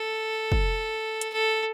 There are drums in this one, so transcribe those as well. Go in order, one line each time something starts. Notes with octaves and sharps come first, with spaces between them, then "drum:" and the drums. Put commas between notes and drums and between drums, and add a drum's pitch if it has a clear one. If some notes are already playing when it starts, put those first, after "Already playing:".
Already playing: A4
drum: kick
drum: hi-hat
A4